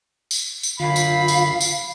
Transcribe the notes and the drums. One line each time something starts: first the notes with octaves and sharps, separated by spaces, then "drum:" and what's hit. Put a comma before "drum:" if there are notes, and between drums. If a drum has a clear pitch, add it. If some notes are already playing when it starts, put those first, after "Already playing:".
drum: tambourine
drum: tambourine
F#2 D3 F4 F5 B5
drum: tambourine
drum: tambourine
drum: tambourine